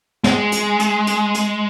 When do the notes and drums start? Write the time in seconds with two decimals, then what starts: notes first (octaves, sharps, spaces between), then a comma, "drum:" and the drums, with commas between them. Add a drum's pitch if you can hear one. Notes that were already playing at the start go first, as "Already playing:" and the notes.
0.24 G#3, drum: snare
0.52 drum: hi-hat
0.80 drum: hi-hat
1.07 drum: hi-hat
1.35 drum: hi-hat